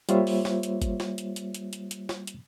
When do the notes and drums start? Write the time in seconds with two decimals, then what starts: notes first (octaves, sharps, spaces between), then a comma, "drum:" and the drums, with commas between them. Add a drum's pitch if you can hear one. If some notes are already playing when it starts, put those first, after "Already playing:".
0.09 G3 A#3 F4 C5 C#5 E5, drum: hi-hat
0.27 drum: open hi-hat
0.45 drum: snare
0.63 drum: hi-hat
0.82 drum: kick, hi-hat
1.00 drum: snare
1.18 drum: hi-hat
1.36 drum: hi-hat
1.54 drum: hi-hat
1.73 drum: hi-hat
1.91 drum: hi-hat
2.09 drum: snare
2.27 drum: hi-hat